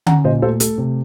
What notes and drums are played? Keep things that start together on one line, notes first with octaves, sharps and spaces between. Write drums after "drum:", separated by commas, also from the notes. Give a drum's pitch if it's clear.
C#4 F#5 A#5, drum: tom D3
A#2 C5 D#5
A3 A4 C5
A3 A4, drum: hi-hat
C3